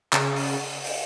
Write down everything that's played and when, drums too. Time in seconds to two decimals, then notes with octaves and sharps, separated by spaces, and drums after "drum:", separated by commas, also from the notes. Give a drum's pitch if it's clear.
0.13 C#3, drum: clap
0.36 drum: open hi-hat
0.84 drum: open hi-hat